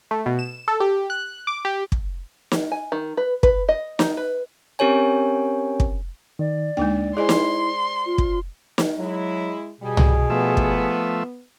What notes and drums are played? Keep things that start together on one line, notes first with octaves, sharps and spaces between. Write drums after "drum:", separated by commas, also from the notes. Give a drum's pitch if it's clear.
A3
B2
E7
A4
G4
F#6
D6
G4
drum: kick
drum: snare
G#5
D#3
B4
B4, drum: kick
D#5
D#4, drum: snare
B4
C4 C#4 G4 A#4 C#5 G#5
drum: kick
D#3 D5
D2 G#3 A#3 D4 D#4 G5
E4 G#4 C5 D5 D#5 G#5 C6
drum: snare
F4
drum: kick
drum: snare
F#3 G#3 E4
G2 B2 G3 G#4
drum: tom C2
F3 A3 B3 E5
drum: kick